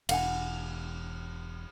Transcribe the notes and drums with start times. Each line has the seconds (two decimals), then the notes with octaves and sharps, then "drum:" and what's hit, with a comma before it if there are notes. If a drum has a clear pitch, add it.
0.09 E1 F5 F#5 G#5, drum: cymbal